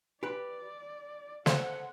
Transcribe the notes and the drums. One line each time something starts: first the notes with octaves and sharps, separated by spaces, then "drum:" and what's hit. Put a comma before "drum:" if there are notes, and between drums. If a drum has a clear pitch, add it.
G4 B4 D5
A4 C5 F#5, drum: snare